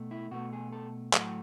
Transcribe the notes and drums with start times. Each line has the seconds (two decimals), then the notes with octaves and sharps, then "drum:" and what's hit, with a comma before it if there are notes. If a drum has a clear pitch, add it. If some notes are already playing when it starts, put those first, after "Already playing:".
Already playing: B2 A3
0.11 E4
0.31 B2 A3 F#4
0.53 G#4
0.72 A4
1.13 A2 F#3 A3 F#4, drum: clap